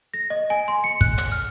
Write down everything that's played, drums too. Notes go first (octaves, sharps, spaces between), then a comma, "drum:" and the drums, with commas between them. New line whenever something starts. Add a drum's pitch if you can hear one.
A#6
D#5
G#5
C6
C#7
F#6, drum: kick
drum: hi-hat
F6